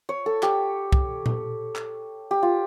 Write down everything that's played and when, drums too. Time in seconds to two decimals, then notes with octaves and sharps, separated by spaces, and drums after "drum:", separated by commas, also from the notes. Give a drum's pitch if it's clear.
0.09 C#5
0.26 A4
0.43 G4, drum: clap
0.92 drum: kick
1.26 drum: tom A#2
1.76 drum: clap
2.31 G4
2.43 F4